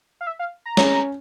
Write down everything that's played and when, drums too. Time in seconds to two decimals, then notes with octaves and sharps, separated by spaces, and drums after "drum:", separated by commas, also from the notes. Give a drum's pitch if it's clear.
0.21 F5
0.27 E5
0.39 F5
0.66 A#5
0.77 C#4 C#5, drum: snare